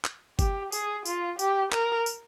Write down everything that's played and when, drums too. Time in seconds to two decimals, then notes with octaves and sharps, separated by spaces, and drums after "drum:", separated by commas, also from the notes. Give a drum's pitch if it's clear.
0.05 drum: clap
0.39 G4, drum: kick G1, tambourine
0.72 G#4, drum: tambourine
1.05 F4, drum: tambourine
1.39 G4, drum: tambourine
1.72 A#4, drum: clap
2.06 drum: tambourine